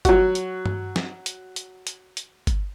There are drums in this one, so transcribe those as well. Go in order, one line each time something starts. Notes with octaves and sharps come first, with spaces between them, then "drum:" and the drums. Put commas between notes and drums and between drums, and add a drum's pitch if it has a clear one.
F#3 F#4, drum: kick G1, hi-hat
drum: hi-hat
drum: tom G2
drum: snare
drum: hi-hat
drum: hi-hat
drum: hi-hat
drum: hi-hat
drum: kick G1, hi-hat